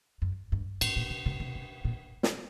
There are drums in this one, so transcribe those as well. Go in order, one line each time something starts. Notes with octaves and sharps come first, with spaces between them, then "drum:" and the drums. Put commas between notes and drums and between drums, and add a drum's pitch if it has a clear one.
F#2
G2
A2, drum: cymbal
A#2
C3
C3
C3
C3
A#2
drum: snare